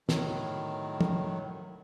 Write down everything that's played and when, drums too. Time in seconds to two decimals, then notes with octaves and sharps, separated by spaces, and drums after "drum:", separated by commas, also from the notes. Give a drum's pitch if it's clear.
0.09 A2 D#3 F#3, drum: snare
1.01 drum: tom